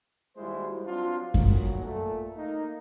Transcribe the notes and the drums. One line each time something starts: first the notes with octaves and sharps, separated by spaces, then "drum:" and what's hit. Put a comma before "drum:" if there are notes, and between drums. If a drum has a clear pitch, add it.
D#2 G3 G#3 E4 F#4 C5
F#3 C4 D4 F4
B1 A#2 F#3, drum: kick F#2
A#2 A3
A#3 D#4